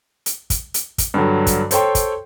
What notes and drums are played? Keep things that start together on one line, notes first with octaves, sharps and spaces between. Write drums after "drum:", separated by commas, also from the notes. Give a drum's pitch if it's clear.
drum: hi-hat
drum: kick, hi-hat
drum: hi-hat
drum: kick, hi-hat
G2 D3 F#3
drum: kick, hi-hat
A4 C5 C#5 G5 C6, drum: hi-hat
drum: kick, hi-hat